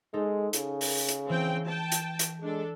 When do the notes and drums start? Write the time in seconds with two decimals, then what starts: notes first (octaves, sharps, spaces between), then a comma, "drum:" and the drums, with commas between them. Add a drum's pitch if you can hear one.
0.14 G#3 D#4 A4 C5
0.53 C#3, drum: hi-hat
0.81 drum: open hi-hat
1.09 drum: hi-hat
1.29 E3 C4 G5
1.68 G5 A5
1.92 drum: hi-hat
2.19 drum: hi-hat
2.41 G#3 D4 A4